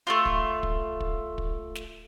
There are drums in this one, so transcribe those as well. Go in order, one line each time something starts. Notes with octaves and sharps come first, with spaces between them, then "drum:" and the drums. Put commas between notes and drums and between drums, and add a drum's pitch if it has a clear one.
A3 A#3 F4
drum: kick
drum: kick
drum: kick
drum: kick
drum: snare